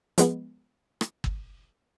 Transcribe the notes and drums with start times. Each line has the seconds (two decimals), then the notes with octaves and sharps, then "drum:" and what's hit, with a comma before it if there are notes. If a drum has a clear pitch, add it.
0.18 F3 G#3 B3, drum: hi-hat
1.01 drum: rim click
1.24 drum: kick G1